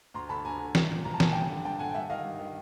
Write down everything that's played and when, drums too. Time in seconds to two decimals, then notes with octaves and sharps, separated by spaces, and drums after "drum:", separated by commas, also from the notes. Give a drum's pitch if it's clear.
0.14 D2 A#5 C6
0.29 D3 A5 B5
0.45 D2 G#5 A#5
0.59 D3
0.75 C2, drum: snare
0.90 A#2
1.04 C2 A#5
1.14 A5
1.20 A#2 G#5, drum: snare
1.33 G2 G5 A5
1.49 D3
1.65 G2 G5 A5
1.79 D3 F#5 G#5
1.89 G5
1.94 G2 E5 F#5
2.10 D#3 D#5 F5
2.24 G2
2.40 D#3